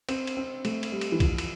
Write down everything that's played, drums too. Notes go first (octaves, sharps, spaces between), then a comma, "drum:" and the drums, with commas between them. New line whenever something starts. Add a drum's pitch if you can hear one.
C4, drum: cymbal
drum: cymbal
C4
A3, drum: cymbal
drum: cymbal
G3
drum: cymbal
E3
F3, drum: kick, cymbal
drum: cymbal